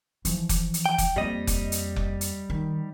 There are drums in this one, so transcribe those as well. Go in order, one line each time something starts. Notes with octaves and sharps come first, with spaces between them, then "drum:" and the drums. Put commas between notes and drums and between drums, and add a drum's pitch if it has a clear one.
E3 F3, drum: hi-hat
drum: kick F1, hi-hat
drum: hi-hat
G5
drum: kick F1, hi-hat
F2 G3 A#3 D#5
drum: kick F1, hi-hat
drum: hi-hat
drum: kick F1
drum: hi-hat
D#3